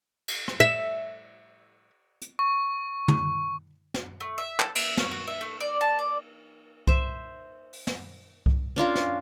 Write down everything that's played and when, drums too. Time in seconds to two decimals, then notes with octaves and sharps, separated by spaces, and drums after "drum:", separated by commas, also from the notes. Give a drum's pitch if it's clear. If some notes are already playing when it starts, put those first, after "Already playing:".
0.28 drum: cymbal
0.48 drum: rim click
0.60 E5
2.22 drum: hi-hat
2.39 C#6
3.08 drum: tom
3.94 drum: snare
4.20 A3
4.38 E5
4.60 A4, drum: clap
4.75 E5, drum: cymbal
4.97 C#4, drum: snare
5.11 F#4
5.27 E5
5.41 A3
5.60 D5
5.81 A5
5.99 D5
6.87 C5 E5, drum: kick C2
7.73 drum: open hi-hat
7.87 drum: snare
8.46 drum: kick C2
8.76 C#4 D4 F4 A#4
8.95 drum: snare